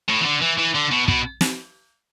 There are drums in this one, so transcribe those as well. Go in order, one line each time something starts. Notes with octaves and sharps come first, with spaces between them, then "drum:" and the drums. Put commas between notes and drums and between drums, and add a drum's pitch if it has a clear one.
A2
E3
D3
E3
E3
D3
B2
B2, drum: kick
drum: snare